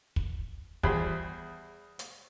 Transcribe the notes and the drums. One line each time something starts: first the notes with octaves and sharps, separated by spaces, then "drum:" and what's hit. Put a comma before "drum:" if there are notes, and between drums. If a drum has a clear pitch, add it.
drum: kick
E2 G3 G#4 C5 B5, drum: kick
drum: hi-hat